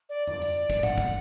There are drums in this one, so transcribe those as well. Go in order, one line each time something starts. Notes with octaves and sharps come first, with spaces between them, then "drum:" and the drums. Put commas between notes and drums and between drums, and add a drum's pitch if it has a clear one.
D5
D5, drum: tom F2
drum: hi-hat
drum: kick, hi-hat
F#5, drum: tom G#2
drum: kick, hi-hat